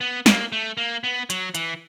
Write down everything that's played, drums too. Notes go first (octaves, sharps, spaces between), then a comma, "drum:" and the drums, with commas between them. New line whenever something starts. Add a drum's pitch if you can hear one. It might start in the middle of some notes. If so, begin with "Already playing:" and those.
B3
A#3, drum: snare
A3
A#3
B3
F#3, drum: hi-hat
E3, drum: hi-hat